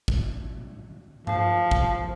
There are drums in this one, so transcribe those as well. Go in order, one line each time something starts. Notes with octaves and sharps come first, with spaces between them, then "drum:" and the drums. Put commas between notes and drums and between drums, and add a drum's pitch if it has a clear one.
drum: kick
F3, drum: tom G2
drum: kick